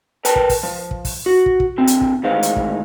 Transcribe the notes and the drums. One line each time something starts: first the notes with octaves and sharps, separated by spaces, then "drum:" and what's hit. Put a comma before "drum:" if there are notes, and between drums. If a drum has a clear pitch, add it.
A#4 B4 G5 A5, drum: hi-hat
drum: kick
drum: kick, open hi-hat
F3
drum: kick
drum: kick, open hi-hat
F#4
drum: kick
drum: kick
D3 C4
drum: hi-hat
drum: kick
D2 A2 D#3 G#3 C5 F5
drum: hi-hat
drum: kick